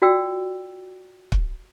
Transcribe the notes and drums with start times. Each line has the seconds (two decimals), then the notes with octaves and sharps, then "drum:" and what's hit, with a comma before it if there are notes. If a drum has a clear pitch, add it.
0.02 F4 F#4 D5 G5 E6
1.32 drum: kick